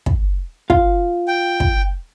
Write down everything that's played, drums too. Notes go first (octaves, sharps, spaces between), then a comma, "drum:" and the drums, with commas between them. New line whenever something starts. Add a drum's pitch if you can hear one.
drum: kick
F4 F5, drum: kick
G5
drum: kick